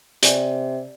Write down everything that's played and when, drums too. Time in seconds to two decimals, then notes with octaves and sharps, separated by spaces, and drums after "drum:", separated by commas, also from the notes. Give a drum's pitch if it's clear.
0.23 C3 D5 G#5, drum: hi-hat